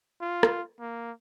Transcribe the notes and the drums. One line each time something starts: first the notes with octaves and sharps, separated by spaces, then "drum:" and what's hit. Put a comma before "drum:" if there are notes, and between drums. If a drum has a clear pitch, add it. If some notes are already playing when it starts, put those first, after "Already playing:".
F4
drum: rim click
A#3